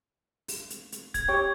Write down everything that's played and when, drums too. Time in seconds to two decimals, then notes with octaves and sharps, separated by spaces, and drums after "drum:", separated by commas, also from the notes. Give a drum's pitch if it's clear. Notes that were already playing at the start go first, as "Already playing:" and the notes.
0.48 drum: open hi-hat
0.70 drum: hi-hat
0.92 drum: hi-hat
1.14 G#6, drum: kick, hi-hat
1.28 G4 C#5 G5